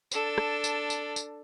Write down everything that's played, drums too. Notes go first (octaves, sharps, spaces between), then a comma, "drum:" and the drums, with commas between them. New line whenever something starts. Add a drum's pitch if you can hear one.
D4 A4, drum: tambourine
drum: rim click
drum: tambourine
drum: tambourine
drum: tambourine